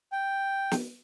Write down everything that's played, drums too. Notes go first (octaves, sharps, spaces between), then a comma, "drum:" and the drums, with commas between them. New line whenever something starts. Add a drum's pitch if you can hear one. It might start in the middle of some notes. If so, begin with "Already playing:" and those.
G5
drum: snare